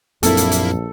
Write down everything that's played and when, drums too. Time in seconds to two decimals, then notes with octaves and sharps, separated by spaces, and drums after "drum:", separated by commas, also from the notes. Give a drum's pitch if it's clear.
0.23 A#1 F#2 A#3 C4 E4 A4, drum: hi-hat
0.37 drum: hi-hat
0.52 drum: hi-hat